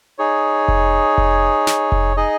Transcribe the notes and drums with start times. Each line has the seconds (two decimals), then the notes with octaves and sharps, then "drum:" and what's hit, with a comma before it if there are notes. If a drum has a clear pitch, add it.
0.18 D#4 G#4 C#5
0.68 drum: kick F1
1.18 drum: kick F1
1.67 drum: snare
1.92 drum: kick F1
2.16 D#4 G#4 D#5